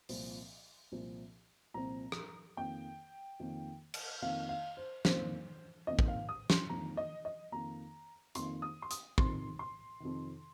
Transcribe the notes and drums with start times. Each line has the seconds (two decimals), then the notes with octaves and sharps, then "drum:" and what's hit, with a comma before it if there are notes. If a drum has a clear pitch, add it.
0.09 C2 A#2 F3 C4, drum: open hi-hat
0.92 C2 A#2 F3 C4
1.74 C2 A#2 F3 C4 A#5
2.12 drum: rim click
2.57 F2 D#3 A#3 G5
3.40 F2 D#3 A#3
3.94 drum: cymbal
4.22 F2 D#3 A#3 F5
4.49 F5
4.77 C5
5.05 F2 D#3 A#3 C5, drum: snare
5.87 F2 D#3 A#3 D#5
5.99 drum: kick
6.08 F5
6.29 D#6
6.50 C6, drum: snare
6.69 F2 D#3 A#3 A#5
6.97 D#5
7.25 D#5
7.52 F2 D#3 A#3 A#5
8.35 F2 D#3 A#3 C6, drum: hi-hat
8.62 D#6
8.82 C6
8.91 D#6, drum: hi-hat
9.18 F2 C3 D#3 C6, drum: kick
9.59 C6
10.00 F2 C3 D#3